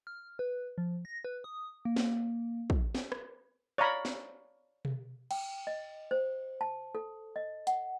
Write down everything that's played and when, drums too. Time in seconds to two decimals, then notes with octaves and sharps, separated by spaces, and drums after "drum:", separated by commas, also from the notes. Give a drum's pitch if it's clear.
0.07 F6
0.39 B4
0.78 F3
1.05 A#6
1.24 B4
1.44 D#6
1.85 A#3
1.96 drum: snare
2.70 drum: kick
2.95 drum: snare
3.12 drum: rim click
3.78 C#5 D5 F5 A#5 B5
4.05 drum: snare
4.85 drum: tom B2
5.31 G5, drum: cymbal
5.67 D#5
6.11 C5
6.61 A5
6.95 A4
7.36 D#5
7.67 F#5, drum: hi-hat